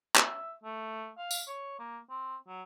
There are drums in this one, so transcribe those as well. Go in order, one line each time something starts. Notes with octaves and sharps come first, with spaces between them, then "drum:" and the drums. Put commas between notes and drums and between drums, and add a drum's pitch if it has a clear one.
E5, drum: clap
A3
F5
drum: tambourine
C#5
A#3
C4
F#3